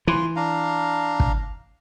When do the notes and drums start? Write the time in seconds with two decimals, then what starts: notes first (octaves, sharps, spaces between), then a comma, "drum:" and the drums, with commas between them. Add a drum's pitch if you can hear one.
0.07 E3 F4 C6
0.36 D4 F5 A#5
1.20 drum: kick